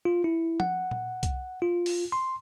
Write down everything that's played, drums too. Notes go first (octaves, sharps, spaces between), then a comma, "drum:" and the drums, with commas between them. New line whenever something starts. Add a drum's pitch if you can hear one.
F4
E4
F#5, drum: tom F3
drum: tom A#2
drum: kick C2, hi-hat
F4
drum: open hi-hat
C6